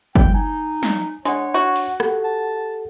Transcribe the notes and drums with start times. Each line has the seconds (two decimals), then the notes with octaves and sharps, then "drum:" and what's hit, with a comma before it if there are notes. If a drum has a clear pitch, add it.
0.15 F3 G3 G5, drum: kick
0.34 D#4 G#5
0.83 drum: snare
1.25 G#3 D4 C#5 F#5, drum: hi-hat
1.54 F#4
1.76 drum: open hi-hat
2.00 G4 A4 F#5, drum: rim click
2.24 A5